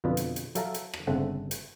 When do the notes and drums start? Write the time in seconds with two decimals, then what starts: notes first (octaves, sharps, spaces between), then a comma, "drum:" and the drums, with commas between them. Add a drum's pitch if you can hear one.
0.04 F2 B2 D3 F4 B4 D#5
0.17 drum: hi-hat
0.36 drum: hi-hat
0.55 F#3 A4 E5 F5 A5 A#5, drum: hi-hat
0.74 drum: hi-hat
0.94 drum: rim click
1.07 G1 C#3 C4 A4 E5 F#5
1.51 drum: hi-hat